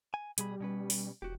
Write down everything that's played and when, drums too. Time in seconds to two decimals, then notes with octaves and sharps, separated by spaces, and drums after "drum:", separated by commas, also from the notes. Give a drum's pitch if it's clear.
0.14 G#5
0.38 B2 G3 G#4 B5, drum: hi-hat
0.60 B2 C#4 B4
0.90 drum: open hi-hat
1.22 E1 F#4 G4